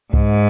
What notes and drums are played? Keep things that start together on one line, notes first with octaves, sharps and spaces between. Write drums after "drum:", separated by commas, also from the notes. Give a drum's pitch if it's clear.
G#2, drum: kick C2